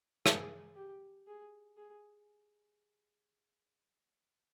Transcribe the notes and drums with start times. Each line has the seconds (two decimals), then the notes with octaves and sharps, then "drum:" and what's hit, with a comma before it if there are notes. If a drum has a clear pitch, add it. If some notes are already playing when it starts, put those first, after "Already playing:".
0.26 G#4, drum: rim click
0.75 G4
1.27 G#4
1.77 G#4